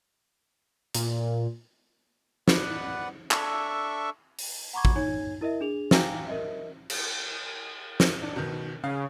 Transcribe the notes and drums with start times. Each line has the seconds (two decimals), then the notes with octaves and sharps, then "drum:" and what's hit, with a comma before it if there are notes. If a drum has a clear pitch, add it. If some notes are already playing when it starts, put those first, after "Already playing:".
0.95 A#2, drum: hi-hat
2.48 B3 B4 D5 F#5, drum: snare
3.31 D4 A4 E5 C#6, drum: clap
4.39 drum: open hi-hat
4.73 F#5 A#5 B5 C#6 D6 G#6
4.85 drum: kick
4.96 D#4 C#5 G#5 G#6
5.41 E4 A#4 D#5 E5
5.61 D4 G#4 F7
5.91 F5 G5 G#5 A#5 D6, drum: snare
6.27 A#4 D#5 E5
6.90 drum: cymbal
8.00 drum: snare
8.22 D4
8.36 B2 D#3
8.84 C#3 F5